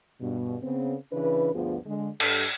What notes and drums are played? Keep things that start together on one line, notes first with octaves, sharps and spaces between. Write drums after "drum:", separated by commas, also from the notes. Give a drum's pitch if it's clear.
G2 B2
C#3 B3 C4
C#3 E3 D4 B4
D2 G2 F3 B3 F4 G#4
D3 G#3
G2 A4, drum: cymbal